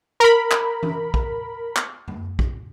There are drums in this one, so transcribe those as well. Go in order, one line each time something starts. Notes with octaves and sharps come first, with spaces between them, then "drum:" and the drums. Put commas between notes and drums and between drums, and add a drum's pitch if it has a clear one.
A#4 B5
drum: clap
drum: tom E3
drum: kick
drum: clap
drum: tom F#2
drum: kick